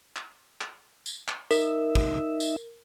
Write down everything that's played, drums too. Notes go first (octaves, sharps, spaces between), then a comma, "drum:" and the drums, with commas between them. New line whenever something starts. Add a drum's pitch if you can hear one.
drum: clap
drum: clap
drum: tambourine
drum: clap
D#4 A#4 E5, drum: tambourine
drum: kick
drum: tambourine